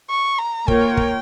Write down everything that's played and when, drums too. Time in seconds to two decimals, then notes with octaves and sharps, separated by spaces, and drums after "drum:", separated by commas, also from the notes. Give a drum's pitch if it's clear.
0.10 C#6
0.38 A#5
0.68 A#3 F4 A#4 C#5 G5, drum: kick
0.97 drum: kick